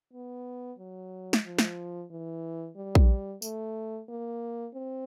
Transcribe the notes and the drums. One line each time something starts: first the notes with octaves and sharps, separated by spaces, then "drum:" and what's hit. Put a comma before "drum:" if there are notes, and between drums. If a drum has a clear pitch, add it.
B3
F#3
drum: snare
F3
drum: snare
E3
G3
drum: kick A#1
A3, drum: tambourine
A#3
C4